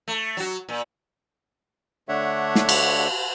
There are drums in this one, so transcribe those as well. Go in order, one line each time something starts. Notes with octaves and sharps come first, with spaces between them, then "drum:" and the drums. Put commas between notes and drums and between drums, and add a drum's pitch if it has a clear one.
A3
F#3 F#4
A#2
D3 A3 D4 C#5 E5 F#5
drum: snare
drum: cymbal